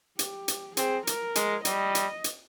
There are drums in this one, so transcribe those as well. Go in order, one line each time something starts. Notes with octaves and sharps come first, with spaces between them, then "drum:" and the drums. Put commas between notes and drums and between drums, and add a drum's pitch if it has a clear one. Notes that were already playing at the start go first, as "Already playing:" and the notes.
G4, drum: hi-hat
drum: hi-hat
C4 G#4, drum: hi-hat
A#4, drum: hi-hat
G#3, drum: hi-hat
G3 D#5, drum: hi-hat
drum: hi-hat
drum: hi-hat